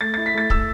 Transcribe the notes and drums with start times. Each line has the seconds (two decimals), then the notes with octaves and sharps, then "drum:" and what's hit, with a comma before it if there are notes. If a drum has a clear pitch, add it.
0.01 A3 A6
0.14 E4 A6
0.26 B6
0.34 A3 A6
0.50 A3 E6, drum: kick